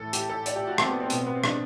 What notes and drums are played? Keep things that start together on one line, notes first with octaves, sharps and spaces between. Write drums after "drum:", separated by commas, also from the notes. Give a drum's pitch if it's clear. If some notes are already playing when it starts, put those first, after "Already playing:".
Already playing: A2 E3 A4
G4, drum: hi-hat
A4
D5, drum: hi-hat
G4
F#4
C4, drum: rim click
B3
C4
B2 B3, drum: hi-hat
C4
B3
C4
D4, drum: rim click